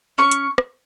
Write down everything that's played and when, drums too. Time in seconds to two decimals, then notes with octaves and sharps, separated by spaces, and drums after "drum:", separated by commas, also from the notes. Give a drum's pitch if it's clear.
0.18 C#4 C#6
0.31 drum: hi-hat
0.58 drum: rim click